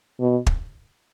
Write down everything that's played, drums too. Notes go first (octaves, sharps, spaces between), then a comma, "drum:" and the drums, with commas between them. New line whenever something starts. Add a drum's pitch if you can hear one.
B2
drum: kick